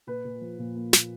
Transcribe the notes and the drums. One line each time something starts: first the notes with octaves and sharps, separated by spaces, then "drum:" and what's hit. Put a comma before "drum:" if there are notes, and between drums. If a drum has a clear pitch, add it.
A#2 B4
A#2
F3
A#2
A#3
A#3, drum: snare